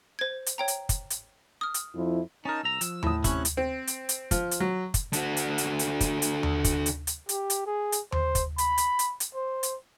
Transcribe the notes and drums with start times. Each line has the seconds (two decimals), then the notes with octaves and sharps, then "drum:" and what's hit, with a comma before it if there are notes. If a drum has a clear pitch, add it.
0.19 C5 G#6
0.46 drum: hi-hat
0.58 C#5 G5 A#5
0.68 drum: hi-hat
0.89 drum: kick, hi-hat
1.10 drum: hi-hat
1.61 D#6 F6
1.74 drum: hi-hat
1.95 F2 F3 E4
2.45 C#4 D#4 A#4 A5
2.63 C2 A#5 E6
2.81 F3, drum: hi-hat
3.03 A2 D#6, drum: tom D#2
3.24 C3 C#4 E4 F#6, drum: kick, hi-hat
3.45 drum: hi-hat
3.57 C4
3.87 drum: hi-hat
4.09 drum: hi-hat
4.31 F3, drum: kick, hi-hat
4.51 drum: hi-hat
4.60 F#3
4.94 drum: kick, hi-hat
5.13 D3 F#4, drum: hi-hat
5.37 drum: hi-hat
5.58 drum: hi-hat
5.79 drum: hi-hat
6.01 drum: kick, hi-hat
6.22 drum: hi-hat
6.43 drum: tom D#2
6.64 drum: kick, hi-hat
6.86 drum: hi-hat
7.07 drum: hi-hat
7.29 G4, drum: hi-hat
7.50 drum: hi-hat
7.66 G#4
7.92 drum: hi-hat
8.12 C5, drum: tom D#2
8.35 drum: kick, hi-hat
8.58 B5, drum: hi-hat
8.78 drum: hi-hat
8.99 drum: hi-hat
9.20 drum: hi-hat
9.35 C5
9.63 drum: hi-hat